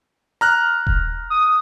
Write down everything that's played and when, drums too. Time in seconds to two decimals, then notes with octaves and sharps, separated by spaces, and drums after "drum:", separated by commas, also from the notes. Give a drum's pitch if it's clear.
0.41 A#5 F6 F#6
0.87 drum: kick D#1
1.30 D#6